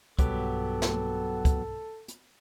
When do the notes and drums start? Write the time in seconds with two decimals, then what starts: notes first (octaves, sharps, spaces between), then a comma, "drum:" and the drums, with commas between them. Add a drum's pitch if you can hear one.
0.19 B1 G2 F#3 B3 G4 A4, drum: kick, hi-hat
0.82 drum: snare
1.45 drum: kick, hi-hat
2.08 drum: hi-hat